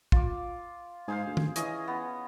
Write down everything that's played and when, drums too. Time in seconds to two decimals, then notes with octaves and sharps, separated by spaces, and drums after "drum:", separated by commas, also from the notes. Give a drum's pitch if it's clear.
0.12 F4 D6, drum: kick
1.08 G#2 G#4 C5 F5
1.26 D2
1.37 drum: tom
1.56 E3 C#4 D#5, drum: hi-hat
1.88 B3